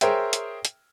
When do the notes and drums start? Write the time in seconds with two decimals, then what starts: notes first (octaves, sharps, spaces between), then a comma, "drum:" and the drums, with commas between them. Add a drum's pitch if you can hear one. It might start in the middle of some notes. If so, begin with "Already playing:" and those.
0.01 G#4 A#4 C5 C#5 E5 G5, drum: hi-hat
0.33 drum: hi-hat
0.65 drum: hi-hat